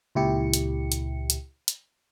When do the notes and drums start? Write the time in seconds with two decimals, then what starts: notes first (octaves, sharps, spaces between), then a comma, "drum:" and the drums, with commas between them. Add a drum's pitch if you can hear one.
0.15 C#2 A#2 E4 G4 C#7
0.54 drum: hi-hat
0.92 drum: hi-hat
1.30 drum: hi-hat
1.68 drum: hi-hat